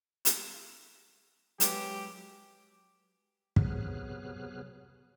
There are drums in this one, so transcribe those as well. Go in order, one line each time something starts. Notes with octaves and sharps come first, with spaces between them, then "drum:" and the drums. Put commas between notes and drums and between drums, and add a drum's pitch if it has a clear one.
drum: hi-hat
F#3 G#3 G4 B4, drum: hi-hat
C3 F#3 B3 G#4 F6 F#6, drum: kick